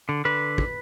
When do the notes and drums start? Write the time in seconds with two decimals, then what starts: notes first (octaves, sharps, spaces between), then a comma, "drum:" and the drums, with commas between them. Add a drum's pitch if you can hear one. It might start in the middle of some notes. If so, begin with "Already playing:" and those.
0.09 D3
0.25 D3 B4
0.58 drum: kick